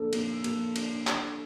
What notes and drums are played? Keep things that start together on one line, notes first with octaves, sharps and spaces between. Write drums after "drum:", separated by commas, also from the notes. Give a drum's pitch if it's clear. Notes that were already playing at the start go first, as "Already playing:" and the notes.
Already playing: A#3 D4 A4
A#3, drum: cymbal
A#3, drum: cymbal
D4, drum: cymbal
D4, drum: clap